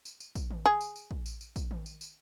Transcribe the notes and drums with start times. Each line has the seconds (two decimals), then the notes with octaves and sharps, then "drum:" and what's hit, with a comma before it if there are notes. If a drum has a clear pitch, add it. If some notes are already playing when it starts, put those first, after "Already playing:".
0.05 drum: tambourine
0.20 drum: tambourine
0.35 drum: kick, tambourine
0.50 drum: tom D#3
0.66 G#4
0.81 drum: tambourine
0.96 drum: tambourine
1.11 drum: kick
1.26 drum: tambourine
1.41 drum: tambourine
1.56 drum: kick, tambourine
1.71 drum: tom D#3
1.86 drum: tambourine
2.01 drum: tambourine